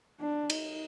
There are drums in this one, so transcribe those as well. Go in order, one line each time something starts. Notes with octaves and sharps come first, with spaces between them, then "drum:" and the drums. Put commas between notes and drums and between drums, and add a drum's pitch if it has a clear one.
D4
D#4, drum: cymbal